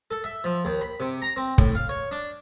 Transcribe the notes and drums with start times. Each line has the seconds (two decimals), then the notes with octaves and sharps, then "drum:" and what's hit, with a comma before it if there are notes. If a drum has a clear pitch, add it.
0.11 A4
0.24 E5
0.44 F3
0.65 D#2
0.81 B5
1.00 C3
1.22 A#5
1.36 C4
1.58 A2, drum: kick
1.75 F5
1.89 C#5
2.11 D4